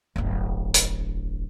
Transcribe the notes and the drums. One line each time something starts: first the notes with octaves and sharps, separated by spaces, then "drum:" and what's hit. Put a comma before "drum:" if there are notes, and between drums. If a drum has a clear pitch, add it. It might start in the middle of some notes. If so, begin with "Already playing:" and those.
D1 G1
drum: hi-hat